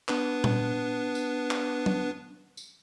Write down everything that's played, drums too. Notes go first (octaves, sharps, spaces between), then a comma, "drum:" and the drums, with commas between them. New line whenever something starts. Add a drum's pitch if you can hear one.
B3 D4 B4, drum: clap
drum: tom A#2
drum: tambourine
drum: clap
drum: tom F#3
drum: tambourine